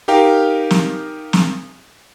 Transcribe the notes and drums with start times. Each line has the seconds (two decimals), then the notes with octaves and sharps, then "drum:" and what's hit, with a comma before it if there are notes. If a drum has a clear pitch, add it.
0.08 D#4 G4 A#4 F5 G5
0.70 drum: snare
1.33 drum: snare